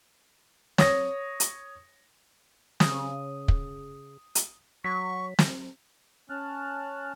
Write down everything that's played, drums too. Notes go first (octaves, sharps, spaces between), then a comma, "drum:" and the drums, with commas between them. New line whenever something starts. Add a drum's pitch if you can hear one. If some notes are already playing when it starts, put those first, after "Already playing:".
C#5 D#6 A#6, drum: snare
drum: hi-hat
C#3 D#6, drum: snare
drum: kick
drum: hi-hat
F#3 C#6 B6
drum: snare
C#4 A5 F6 F#6